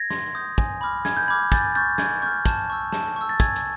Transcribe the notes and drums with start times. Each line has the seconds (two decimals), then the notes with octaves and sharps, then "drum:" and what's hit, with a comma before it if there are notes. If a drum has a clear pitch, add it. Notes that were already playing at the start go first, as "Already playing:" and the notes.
Already playing: G#6 A#6
0.10 C6, drum: snare
0.35 D#6 G6
0.58 G#5, drum: kick
0.81 B5 D6 F6
1.05 G#5 G#6, drum: snare
1.17 G6
1.28 B5 D6 F6 G#6
1.52 G#5 G6 A6, drum: kick, hi-hat
1.75 C#6 F6 G6 A6
1.98 G#5 G#6, drum: snare
2.22 C#6 F6 G6
2.45 A5, drum: kick, hi-hat
2.70 C#6 E6
2.92 A5, drum: snare
3.16 C#6 E6
3.29 A6
3.40 G#5 G#6, drum: kick, hi-hat
3.56 drum: hi-hat